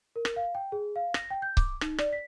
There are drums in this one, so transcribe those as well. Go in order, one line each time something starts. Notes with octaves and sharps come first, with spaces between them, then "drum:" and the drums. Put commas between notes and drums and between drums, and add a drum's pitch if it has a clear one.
A#4
drum: rim click
F5
G5
G#4
F5
A#6, drum: rim click
G5
G6
D6, drum: kick C#1
D#4, drum: rim click
D5, drum: rim click
B6